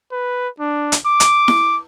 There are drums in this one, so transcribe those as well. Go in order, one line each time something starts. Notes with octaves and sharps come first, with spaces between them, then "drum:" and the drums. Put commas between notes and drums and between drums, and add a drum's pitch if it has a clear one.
B4
D4
drum: hi-hat
D6
drum: hi-hat
drum: snare E4